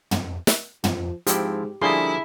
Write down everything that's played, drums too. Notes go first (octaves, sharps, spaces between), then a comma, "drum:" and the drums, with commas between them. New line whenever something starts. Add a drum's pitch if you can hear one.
drum: tom
drum: snare
F3, drum: tom
G#2 F3 C4 E4 G4, drum: hi-hat
D3 F3 G3 A#3 E4 G#4 C6